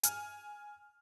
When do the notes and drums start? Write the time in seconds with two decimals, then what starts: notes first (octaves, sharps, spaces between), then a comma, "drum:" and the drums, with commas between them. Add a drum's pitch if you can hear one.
0.03 G#5 F6, drum: hi-hat